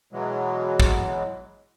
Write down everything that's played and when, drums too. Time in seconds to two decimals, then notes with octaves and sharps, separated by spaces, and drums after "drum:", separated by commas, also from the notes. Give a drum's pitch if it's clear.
0.13 B2 E3 F#3 G#3
0.80 drum: kick